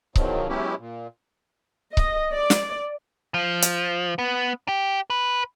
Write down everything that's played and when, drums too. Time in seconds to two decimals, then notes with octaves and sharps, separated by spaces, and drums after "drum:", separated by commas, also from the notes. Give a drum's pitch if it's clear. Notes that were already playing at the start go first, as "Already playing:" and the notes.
0.15 E2 B2 D#3 F3 F#3, drum: kick C#1
0.48 F#3 G#3 B3 C#4 E4 G4
0.78 A#2
1.97 D#5, drum: kick C#1
2.34 D5
2.50 drum: snare
3.34 F3
3.62 drum: hi-hat
4.18 B3
4.69 G4
5.10 B4